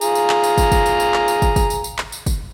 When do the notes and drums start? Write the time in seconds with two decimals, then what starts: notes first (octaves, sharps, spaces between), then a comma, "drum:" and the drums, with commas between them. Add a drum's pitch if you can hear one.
0.01 F4 G#4 A#5, drum: tambourine
0.15 drum: tambourine
0.29 drum: clap
0.44 drum: tambourine
0.58 drum: kick, tambourine
0.72 drum: kick, tambourine
0.86 drum: tambourine
1.00 drum: tambourine
1.14 drum: clap
1.28 drum: tambourine
1.42 drum: kick, tambourine
1.56 drum: kick, tambourine
1.70 drum: tambourine
1.84 drum: tambourine
1.98 drum: clap
2.12 drum: tambourine
2.26 drum: kick, tambourine